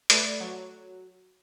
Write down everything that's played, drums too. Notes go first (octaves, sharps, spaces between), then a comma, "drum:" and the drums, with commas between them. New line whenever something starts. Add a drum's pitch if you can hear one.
A3 B4 D5, drum: hi-hat
F#3